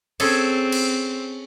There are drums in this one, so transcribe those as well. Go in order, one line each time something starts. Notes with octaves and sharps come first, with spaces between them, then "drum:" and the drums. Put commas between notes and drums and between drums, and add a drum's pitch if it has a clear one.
C4 C#4 G#4 A4, drum: cymbal
drum: cymbal